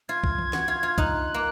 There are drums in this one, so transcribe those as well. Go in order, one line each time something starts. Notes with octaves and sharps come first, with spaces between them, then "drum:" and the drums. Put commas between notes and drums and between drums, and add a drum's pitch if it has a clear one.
F4 G#6
drum: kick
drum: tom D#3
F#4, drum: snare
F4
F4
D#4 F#6, drum: kick
A#3